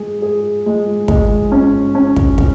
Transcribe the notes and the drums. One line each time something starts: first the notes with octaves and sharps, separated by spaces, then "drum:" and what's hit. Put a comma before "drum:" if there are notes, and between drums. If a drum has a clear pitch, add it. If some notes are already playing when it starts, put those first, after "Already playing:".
Already playing: G#3 G#4
G#4
G#3
G#3, drum: kick
C#4
C#4
drum: kick
drum: kick